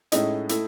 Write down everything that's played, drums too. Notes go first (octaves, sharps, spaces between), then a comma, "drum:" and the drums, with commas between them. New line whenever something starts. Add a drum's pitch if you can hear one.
A2 G#3 C#4 D#4 E4 D#5, drum: hi-hat
A3 E4, drum: hi-hat